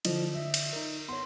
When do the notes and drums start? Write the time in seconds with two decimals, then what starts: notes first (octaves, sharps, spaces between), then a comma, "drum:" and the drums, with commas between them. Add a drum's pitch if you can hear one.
0.05 D3 F3 D5 D#5, drum: cymbal
0.34 E5
0.54 drum: cymbal
0.73 D#4 A#4
1.08 B3 C#5 C6